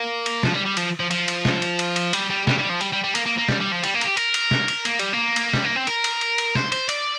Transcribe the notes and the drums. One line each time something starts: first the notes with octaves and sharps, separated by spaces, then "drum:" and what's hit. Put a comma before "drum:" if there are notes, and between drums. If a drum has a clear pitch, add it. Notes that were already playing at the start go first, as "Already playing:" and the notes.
Already playing: A#3
drum: cymbal
F3, drum: snare
G3
G3
F3, drum: cymbal
F3
F3, drum: cymbal
drum: cymbal
drum: snare
drum: cymbal
drum: cymbal
drum: cymbal
G3, drum: cymbal
G3
G3, drum: snare
G3
F3
G3, drum: cymbal
G3
G3
A#3, drum: cymbal
A#3
A#3
G3, drum: snare
G3
F3
G3, drum: cymbal
A#3
A#4, drum: cymbal
G4
A#4, drum: cymbal
drum: cymbal
drum: snare
drum: cymbal
A#3, drum: cymbal
G3, drum: cymbal
A#3
drum: cymbal
G3, drum: snare
A#3
C4
A#4, drum: cymbal
drum: cymbal
drum: cymbal
drum: cymbal
C5, drum: snare
C5, drum: cymbal
D5, drum: cymbal